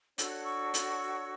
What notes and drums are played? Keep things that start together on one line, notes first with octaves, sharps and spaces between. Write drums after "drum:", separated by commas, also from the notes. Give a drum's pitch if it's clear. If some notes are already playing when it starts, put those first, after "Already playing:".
D4 F#4 A4 C#5 E6, drum: hi-hat
F#6
C#6 E6
drum: hi-hat